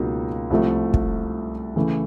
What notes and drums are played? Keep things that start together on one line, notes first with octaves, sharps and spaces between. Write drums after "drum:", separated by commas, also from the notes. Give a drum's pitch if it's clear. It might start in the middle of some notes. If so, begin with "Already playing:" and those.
Already playing: C#2 B2 F#3 A#3 D#4
C2 C3 F3 A3
drum: kick
C#3 E3 A3